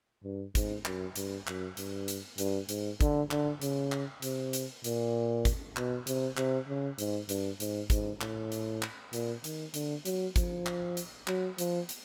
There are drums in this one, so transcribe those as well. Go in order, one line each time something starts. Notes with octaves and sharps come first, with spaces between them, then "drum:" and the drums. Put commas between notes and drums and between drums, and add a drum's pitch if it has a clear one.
G2
G#2, drum: kick, hi-hat
F#2, drum: clap
G2, drum: hi-hat
F#2, drum: clap
G2, drum: hi-hat
drum: hi-hat
G2, drum: hi-hat
G#2, drum: hi-hat
D3, drum: kick, hi-hat
D3, drum: clap
C#3, drum: hi-hat
drum: clap
C3, drum: hi-hat
drum: hi-hat
A#2, drum: hi-hat
drum: kick, hi-hat
B2, drum: clap
C3, drum: hi-hat
C3, drum: clap
C#3
G#2, drum: hi-hat
G2, drum: hi-hat
G#2, drum: hi-hat
G#2, drum: kick, hi-hat
A2, drum: clap
drum: hi-hat
drum: clap
A#2, drum: hi-hat
D#3, drum: hi-hat
D3, drum: hi-hat
F#3, drum: hi-hat
F3, drum: kick, hi-hat
drum: clap
drum: hi-hat
F#3, drum: clap
F3, drum: hi-hat
drum: hi-hat